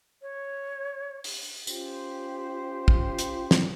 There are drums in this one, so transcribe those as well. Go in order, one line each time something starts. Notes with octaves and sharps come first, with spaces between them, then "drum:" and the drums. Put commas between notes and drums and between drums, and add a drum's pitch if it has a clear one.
C#5
drum: open hi-hat
C#4 F4 G4 C5, drum: tambourine
drum: kick
drum: hi-hat
drum: snare